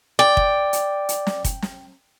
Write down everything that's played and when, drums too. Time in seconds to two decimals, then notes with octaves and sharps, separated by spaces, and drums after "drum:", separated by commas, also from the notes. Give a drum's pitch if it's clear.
0.19 D5 G5
0.37 drum: kick
0.73 drum: hi-hat
1.09 drum: hi-hat
1.27 drum: snare
1.44 drum: kick, hi-hat
1.62 drum: snare